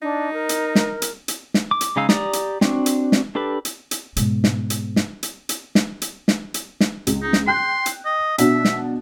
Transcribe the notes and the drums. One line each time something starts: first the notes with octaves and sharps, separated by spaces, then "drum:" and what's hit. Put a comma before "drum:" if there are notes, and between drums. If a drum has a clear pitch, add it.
D4 D#4
A#4
drum: hi-hat
drum: snare
drum: hi-hat
drum: hi-hat
drum: snare
D6
drum: hi-hat
C#3 G#3 D#4 F5 E6
G4 D5 A#5 D#6, drum: snare
drum: hi-hat
C4 D4 F#4, drum: snare
drum: hi-hat
drum: snare
D4 G4 A4 B4
drum: hi-hat
drum: hi-hat
G#2 B2, drum: hi-hat
drum: snare
drum: hi-hat
drum: snare
drum: hi-hat
drum: hi-hat
drum: snare
drum: hi-hat
drum: snare
drum: hi-hat
drum: snare
C#2, drum: hi-hat
D#4
drum: snare
G5 C6 F#6 G6
drum: hi-hat
D#5
B2 D4 F#4 E5, drum: hi-hat
drum: snare